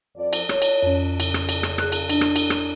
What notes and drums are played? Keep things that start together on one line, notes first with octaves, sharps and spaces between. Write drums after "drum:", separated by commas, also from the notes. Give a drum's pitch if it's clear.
F2 F3 D5
drum: cymbal
C#5, drum: rim click
drum: cymbal
F2 C#4
C#3, drum: cymbal
drum: rim click
drum: cymbal
drum: rim click
G#4 F#6, drum: rim click
drum: cymbal
D4, drum: cymbal
drum: rim click
drum: cymbal
drum: rim click